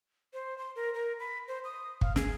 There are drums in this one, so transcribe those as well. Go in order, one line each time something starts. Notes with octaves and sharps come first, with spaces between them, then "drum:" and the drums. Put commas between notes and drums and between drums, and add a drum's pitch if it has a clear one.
C5
C6
A#4
A#4
B5
C5
D#6
F5, drum: kick G1
G#4, drum: snare